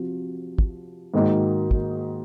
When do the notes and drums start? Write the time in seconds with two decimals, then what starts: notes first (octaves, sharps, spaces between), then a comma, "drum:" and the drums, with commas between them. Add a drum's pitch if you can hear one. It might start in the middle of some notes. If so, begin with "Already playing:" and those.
Already playing: C3 F3 F#4
0.58 drum: kick
1.14 G#2 D#3 A#3 D#4 F#4
1.71 drum: kick